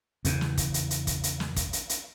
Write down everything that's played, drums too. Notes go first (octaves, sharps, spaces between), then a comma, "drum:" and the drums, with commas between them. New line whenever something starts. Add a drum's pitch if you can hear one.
E2 C#3, drum: hi-hat
drum: snare
drum: kick, hi-hat
drum: hi-hat
drum: hi-hat
drum: kick, hi-hat
drum: hi-hat
drum: snare
drum: kick, hi-hat
drum: hi-hat
drum: hi-hat